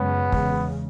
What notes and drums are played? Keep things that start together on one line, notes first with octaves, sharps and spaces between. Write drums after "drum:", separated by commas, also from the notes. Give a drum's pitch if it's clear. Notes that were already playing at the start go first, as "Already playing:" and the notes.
Already playing: F#2 C#3 G#3 B3 C#4
E2 C#3 G#3, drum: kick